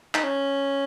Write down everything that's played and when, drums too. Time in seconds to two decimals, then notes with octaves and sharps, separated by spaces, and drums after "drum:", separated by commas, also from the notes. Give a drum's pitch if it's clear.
0.15 D#4, drum: clap
0.23 C#4